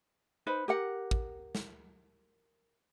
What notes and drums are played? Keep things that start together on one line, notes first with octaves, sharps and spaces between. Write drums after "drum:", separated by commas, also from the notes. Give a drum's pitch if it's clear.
D#4 B4 C5
G4 A#4 F#5
drum: kick
drum: snare